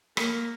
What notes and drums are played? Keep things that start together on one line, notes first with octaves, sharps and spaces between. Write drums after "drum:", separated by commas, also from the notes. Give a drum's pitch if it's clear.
A#3, drum: rim click